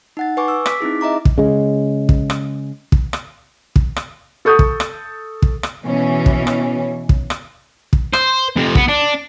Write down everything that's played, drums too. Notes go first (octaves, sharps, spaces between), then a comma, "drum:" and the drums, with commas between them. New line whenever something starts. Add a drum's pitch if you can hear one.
D#4 F#5 A6
B4 G#5 C#6 D6
E6
D6 B6, drum: rim click
C4 D#4 E4 G#4
D#5 E5 A#5 D6
drum: kick
C#3 G#3
drum: kick
drum: rim click
drum: kick
drum: rim click
drum: kick
drum: rim click
A4 C#6 D#6 G6
drum: kick
drum: rim click
drum: kick
drum: rim click
B2 E3 C#4
drum: kick
drum: rim click
drum: kick
drum: rim click
drum: kick
C5, drum: rim click
F2 C3
B3, drum: kick
D4